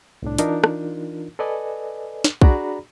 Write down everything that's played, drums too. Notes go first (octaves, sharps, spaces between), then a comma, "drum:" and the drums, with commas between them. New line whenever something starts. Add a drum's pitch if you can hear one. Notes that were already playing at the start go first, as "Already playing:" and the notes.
C2 A2 D4
E3 D4 D#4 F4 A#4, drum: hi-hat
drum: rim click
A4 B4 D5 D#5 G#5
drum: snare
D4 F#4 G#4 D5 A#5 B5, drum: kick B1